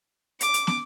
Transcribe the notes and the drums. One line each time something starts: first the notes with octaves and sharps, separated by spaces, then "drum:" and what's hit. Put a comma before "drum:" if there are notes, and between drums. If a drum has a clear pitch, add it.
D6, drum: hi-hat
drum: hi-hat
drum: snare